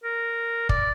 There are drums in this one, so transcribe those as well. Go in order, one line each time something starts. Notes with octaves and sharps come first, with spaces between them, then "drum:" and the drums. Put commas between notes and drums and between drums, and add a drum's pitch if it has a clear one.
A#4
D5, drum: kick